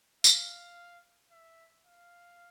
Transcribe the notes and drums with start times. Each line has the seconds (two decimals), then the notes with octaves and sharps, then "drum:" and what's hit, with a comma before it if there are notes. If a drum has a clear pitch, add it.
0.24 F5, drum: tambourine
1.32 E5
1.86 F5